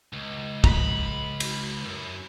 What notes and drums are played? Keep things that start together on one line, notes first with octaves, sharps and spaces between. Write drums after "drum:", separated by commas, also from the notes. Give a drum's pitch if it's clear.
C#2
A#5 B5, drum: kick
drum: cymbal
F#2